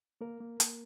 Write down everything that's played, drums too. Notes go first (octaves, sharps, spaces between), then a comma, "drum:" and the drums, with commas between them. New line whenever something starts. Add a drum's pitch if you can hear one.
A#3 A#4
A#3
A#3, drum: hi-hat